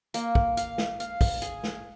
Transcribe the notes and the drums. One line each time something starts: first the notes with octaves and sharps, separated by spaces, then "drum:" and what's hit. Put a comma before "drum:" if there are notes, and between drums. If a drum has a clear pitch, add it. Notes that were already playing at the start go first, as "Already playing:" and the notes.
A#3, drum: hi-hat
drum: kick
F5, drum: hi-hat
drum: snare
F5, drum: hi-hat
drum: kick, open hi-hat
G#4, drum: hi-hat
drum: snare